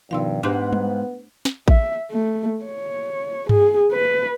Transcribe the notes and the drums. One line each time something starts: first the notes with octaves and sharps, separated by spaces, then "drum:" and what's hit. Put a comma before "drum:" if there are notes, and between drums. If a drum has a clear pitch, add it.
G2 B2 D#3 F3 F5 C6 E6
G#2 B3 D4 G4 F5 G5 F#6
drum: tom G3
drum: snare
E5, drum: kick A1
A3
C#5
G#4, drum: tom G2
B4